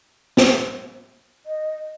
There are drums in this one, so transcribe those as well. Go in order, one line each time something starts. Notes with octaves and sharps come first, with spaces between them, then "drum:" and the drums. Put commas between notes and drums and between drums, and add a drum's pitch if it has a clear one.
drum: snare
D#5